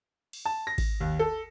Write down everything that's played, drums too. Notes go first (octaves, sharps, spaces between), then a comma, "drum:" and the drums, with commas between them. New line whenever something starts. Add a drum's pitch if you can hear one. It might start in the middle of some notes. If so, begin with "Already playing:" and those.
drum: cymbal
A5
A#6
drum: kick G#1, cymbal
D#2
A4